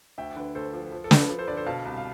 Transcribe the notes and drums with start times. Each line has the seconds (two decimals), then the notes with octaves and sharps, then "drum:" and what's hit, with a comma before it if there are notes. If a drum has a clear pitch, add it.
0.18 D2 E5 G5
0.36 D3 B4
0.55 D2 A4 C5
0.73 F3
0.92 F3
1.04 A4
1.11 F3, drum: snare
1.17 B4
1.29 F3
1.39 A4 C5
1.47 D3 B4 D5
1.57 A4 C5
1.66 B2 F5 A5
1.85 C2
1.97 F5